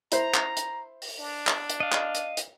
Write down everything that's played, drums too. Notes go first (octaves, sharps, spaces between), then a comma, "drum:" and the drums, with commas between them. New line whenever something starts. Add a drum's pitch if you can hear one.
E4 C5 A#5, drum: hi-hat
drum: clap
drum: hi-hat
drum: open hi-hat
D4
drum: clap
drum: hi-hat
D#5 F5
drum: clap
drum: hi-hat
drum: hi-hat